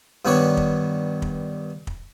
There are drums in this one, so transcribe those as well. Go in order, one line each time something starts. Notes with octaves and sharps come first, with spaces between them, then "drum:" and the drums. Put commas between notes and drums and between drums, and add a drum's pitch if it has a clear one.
G2 D#3 B3 D4 B4 C#5
drum: kick
drum: kick
drum: kick